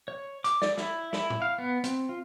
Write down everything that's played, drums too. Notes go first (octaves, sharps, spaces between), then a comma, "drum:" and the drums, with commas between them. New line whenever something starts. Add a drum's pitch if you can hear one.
C#5
D6, drum: hi-hat
D5, drum: snare
E4, drum: snare
E4, drum: snare
drum: tom A2
F5
B3
C4, drum: hi-hat
F4